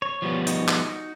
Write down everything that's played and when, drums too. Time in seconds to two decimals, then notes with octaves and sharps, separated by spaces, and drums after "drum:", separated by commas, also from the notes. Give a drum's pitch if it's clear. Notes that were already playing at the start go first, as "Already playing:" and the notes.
0.02 C#5
0.22 F3 G3 B3
0.47 D#4 F#4, drum: hi-hat
0.68 drum: clap